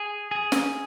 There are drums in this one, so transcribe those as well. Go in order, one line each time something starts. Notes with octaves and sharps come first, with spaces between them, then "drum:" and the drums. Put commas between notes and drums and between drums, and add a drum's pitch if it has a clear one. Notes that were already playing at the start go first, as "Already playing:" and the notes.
Already playing: G#4
G#4
drum: snare